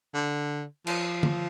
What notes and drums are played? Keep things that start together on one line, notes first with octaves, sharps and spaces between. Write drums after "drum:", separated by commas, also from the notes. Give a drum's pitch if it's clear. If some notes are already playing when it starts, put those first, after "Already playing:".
D3
F3, drum: cymbal
drum: tom D3